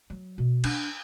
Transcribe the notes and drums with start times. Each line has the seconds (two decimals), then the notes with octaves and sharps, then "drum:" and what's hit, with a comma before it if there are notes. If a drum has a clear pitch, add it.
0.10 F#3
0.38 B2
0.64 D4, drum: cymbal